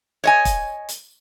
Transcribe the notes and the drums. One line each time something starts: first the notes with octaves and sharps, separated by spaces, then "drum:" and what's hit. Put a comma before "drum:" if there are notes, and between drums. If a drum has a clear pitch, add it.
C#5 D#5 G#5
drum: kick, hi-hat
drum: hi-hat